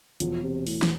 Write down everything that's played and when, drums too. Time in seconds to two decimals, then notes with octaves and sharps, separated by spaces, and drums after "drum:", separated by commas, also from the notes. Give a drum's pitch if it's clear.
0.20 E1 E2 B2 F3, drum: hi-hat
0.43 C3
0.67 A2, drum: open hi-hat
0.82 drum: snare